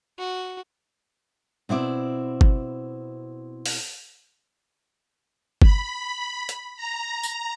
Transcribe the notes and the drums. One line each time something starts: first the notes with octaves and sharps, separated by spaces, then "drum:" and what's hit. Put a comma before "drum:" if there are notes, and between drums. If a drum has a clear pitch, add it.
F#4
B2 C4 E4 D5
drum: kick G1
drum: open hi-hat
B5, drum: kick G1
drum: hi-hat
A#5
drum: tambourine